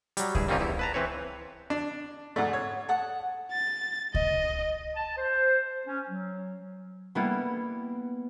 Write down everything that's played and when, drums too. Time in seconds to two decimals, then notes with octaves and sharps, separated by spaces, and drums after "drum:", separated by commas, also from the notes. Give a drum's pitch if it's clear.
0.17 F#3 G3, drum: hi-hat
0.35 G2 E4 G#4, drum: kick C#2
0.48 G3 A#3 C4 C#4 D#4 F4
0.60 E2 E4
0.79 B4 A5 A#5
0.94 E3 C4 B4 C#5
1.70 D4
2.36 G#2 A3 D5 F#5 D#6
2.53 C#5
2.89 A4 F#5 D#6
3.52 A6
4.14 D#5, drum: kick C#2
4.97 A5
5.17 C5
5.87 C#4
6.09 F#3
7.15 G3 A#3 B3 E4